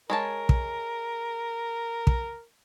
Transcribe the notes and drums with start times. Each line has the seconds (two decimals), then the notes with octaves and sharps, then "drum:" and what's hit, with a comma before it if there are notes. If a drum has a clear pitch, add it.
0.10 G#3 A#4 C#5 A5
0.49 drum: kick
2.07 drum: kick